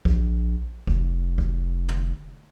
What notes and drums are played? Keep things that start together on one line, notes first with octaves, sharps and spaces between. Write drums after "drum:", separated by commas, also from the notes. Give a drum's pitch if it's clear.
A#1, drum: kick C2
F1, drum: kick C2
drum: kick C2
drum: tom